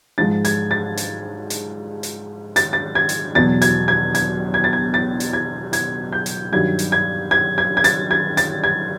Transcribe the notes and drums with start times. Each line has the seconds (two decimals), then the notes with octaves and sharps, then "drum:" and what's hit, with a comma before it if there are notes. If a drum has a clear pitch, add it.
0.18 G#2 F3 G#3 A6
0.45 G#6, drum: hi-hat
0.71 A6
0.97 drum: hi-hat
1.50 drum: hi-hat
2.03 drum: hi-hat
2.56 A6, drum: hi-hat
2.73 A6
2.95 G#6
3.09 drum: hi-hat
3.35 E2 B2 F#3 A6
3.62 G#6, drum: hi-hat
3.88 G#6
4.15 G#6, drum: hi-hat
4.54 G#6
4.64 A6
4.73 G#6
4.94 A6
5.20 drum: hi-hat
5.33 G#6
5.73 G#6, drum: hi-hat
6.12 G6
6.26 drum: hi-hat
6.52 G2 D#3 F#3 G#6
6.79 drum: hi-hat
6.92 G#6
7.31 G#6
7.58 G#6
7.77 G#6
7.84 A6, drum: hi-hat
8.11 G#6
8.37 A6, drum: hi-hat
8.64 G#6